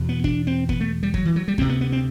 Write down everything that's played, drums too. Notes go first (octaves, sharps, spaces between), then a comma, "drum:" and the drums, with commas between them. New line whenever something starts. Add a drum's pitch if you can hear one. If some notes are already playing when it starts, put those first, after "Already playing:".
Already playing: E2 B2
B3
D4, drum: kick
C4
B3, drum: kick
A3
G3
F#3, drum: kick
E3
F#3
G3
D2 C3 C4, drum: kick
B3
B3
C4